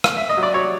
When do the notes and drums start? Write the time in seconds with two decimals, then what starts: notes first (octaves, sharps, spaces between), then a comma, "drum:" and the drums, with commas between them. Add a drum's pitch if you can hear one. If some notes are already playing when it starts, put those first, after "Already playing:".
0.04 F5, drum: rim click
0.17 E5
0.29 D#5
0.37 F#3
0.43 D5
0.54 F#3 C#5